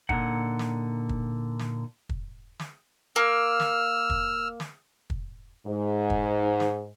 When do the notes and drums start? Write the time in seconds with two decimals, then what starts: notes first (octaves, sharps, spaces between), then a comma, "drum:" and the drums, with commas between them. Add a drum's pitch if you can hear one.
0.09 A#2 D3 G3 D#4 F#5, drum: kick
0.59 drum: snare
1.09 drum: kick
1.59 drum: snare
2.09 drum: kick
2.59 drum: snare
3.16 A#3 E6 F6
3.60 drum: snare
4.10 drum: kick
4.60 drum: snare
5.10 drum: kick
5.67 G#2
6.10 drum: kick
6.60 drum: snare